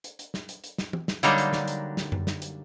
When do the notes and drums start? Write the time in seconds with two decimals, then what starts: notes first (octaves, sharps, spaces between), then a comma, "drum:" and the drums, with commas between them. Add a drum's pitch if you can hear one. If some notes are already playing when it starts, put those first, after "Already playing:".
0.04 drum: hi-hat
0.19 drum: hi-hat
0.34 drum: snare
0.49 drum: hi-hat
0.64 drum: hi-hat
0.78 drum: snare
0.93 drum: tom
1.08 drum: snare
1.23 D3 F#3 G3 A#3 D4 D#4, drum: hi-hat
1.38 drum: hi-hat
1.53 drum: snare
1.68 drum: hi-hat
1.97 drum: snare
2.12 drum: tom F#2
2.27 drum: snare
2.42 drum: hi-hat